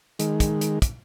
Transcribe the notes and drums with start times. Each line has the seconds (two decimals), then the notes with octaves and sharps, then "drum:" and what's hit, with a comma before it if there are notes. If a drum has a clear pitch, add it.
0.19 D#3 G#3, drum: hi-hat
0.40 drum: kick, hi-hat
0.61 drum: hi-hat
0.82 drum: kick, hi-hat